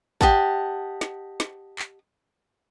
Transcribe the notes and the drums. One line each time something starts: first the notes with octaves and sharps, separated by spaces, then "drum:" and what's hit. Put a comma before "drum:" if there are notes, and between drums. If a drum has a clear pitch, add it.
G4 D#5 F#5 A5, drum: kick
drum: snare
drum: snare
drum: clap